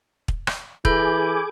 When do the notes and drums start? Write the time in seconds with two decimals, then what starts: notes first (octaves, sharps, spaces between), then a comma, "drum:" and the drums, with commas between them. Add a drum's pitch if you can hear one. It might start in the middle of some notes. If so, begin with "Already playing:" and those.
0.28 drum: kick
0.47 drum: rim click
0.85 E3 G#4 A4 G#5 B5 D6 G6, drum: kick